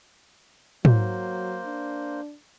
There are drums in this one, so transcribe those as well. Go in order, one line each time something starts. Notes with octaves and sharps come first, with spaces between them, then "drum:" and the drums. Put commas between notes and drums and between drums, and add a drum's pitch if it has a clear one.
F#3 A#3 C5, drum: tom
D4